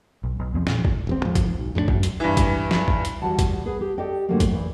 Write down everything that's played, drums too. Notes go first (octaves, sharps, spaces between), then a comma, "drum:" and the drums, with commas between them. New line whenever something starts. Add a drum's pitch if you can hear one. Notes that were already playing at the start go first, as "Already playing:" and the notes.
B1
B1
E2 F3 B3 C4
A#2 F3, drum: snare
drum: kick G#1
E1 E2 C4
G#2 F3
drum: kick G#1, hi-hat
B1
F2 A2 G3 D4
F#2, drum: kick G#1
drum: hi-hat
G2 E3
drum: kick G#1, hi-hat
drum: snare
drum: kick G#1
drum: hi-hat
E2 G3 A3 F#4 F#5 A5
drum: kick G#1, hi-hat
B3 G#4 B4
G4
G4 A4 D5 D#5 G5
G#2 D3 F#3 G3 A3 A#3
drum: kick G#1, hi-hat
E2 G#2